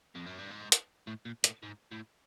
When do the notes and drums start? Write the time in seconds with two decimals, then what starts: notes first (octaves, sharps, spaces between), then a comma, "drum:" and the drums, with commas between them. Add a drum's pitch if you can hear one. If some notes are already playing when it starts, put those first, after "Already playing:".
0.15 F2
0.26 F#2
0.39 G2
0.51 G#2
0.72 drum: hi-hat
1.07 A2
1.25 A#2
1.44 A2, drum: hi-hat
1.63 G#2
1.92 A2